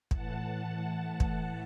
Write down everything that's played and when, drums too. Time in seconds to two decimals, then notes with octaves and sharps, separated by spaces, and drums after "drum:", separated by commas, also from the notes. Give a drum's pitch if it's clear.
0.11 A2 E3 F#5 A5, drum: kick
1.20 drum: kick